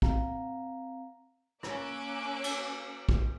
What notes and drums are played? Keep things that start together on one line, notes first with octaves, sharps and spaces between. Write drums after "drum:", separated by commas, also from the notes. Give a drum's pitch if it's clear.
C4 F5 A#5, drum: kick
A#3 C#4 D6 E6 F#6 D7, drum: rim click
drum: cymbal
drum: kick